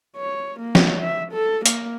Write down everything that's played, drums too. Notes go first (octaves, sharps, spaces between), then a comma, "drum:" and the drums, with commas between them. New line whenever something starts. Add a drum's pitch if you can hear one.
C#5
A#3
drum: snare
E5
A4
A#3, drum: hi-hat